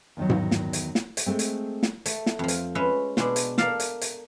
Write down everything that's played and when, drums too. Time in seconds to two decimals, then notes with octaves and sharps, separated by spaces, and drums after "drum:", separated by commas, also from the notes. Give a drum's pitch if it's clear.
0.17 E2 D#3 F#3
0.29 drum: tom G#2
0.51 drum: snare
0.73 drum: hi-hat
0.95 drum: snare
1.17 drum: hi-hat
1.26 G#3 A3 C4
1.39 drum: hi-hat
1.83 drum: snare
2.06 A3, drum: hi-hat
2.26 drum: snare
2.39 F2 F3
2.48 drum: hi-hat
2.75 G#3 C#4 B4 E5
3.17 B2 G#3 D4, drum: snare
3.36 drum: hi-hat
3.58 A4 A#4 D5 F5 A5, drum: snare
3.80 drum: hi-hat
4.01 drum: hi-hat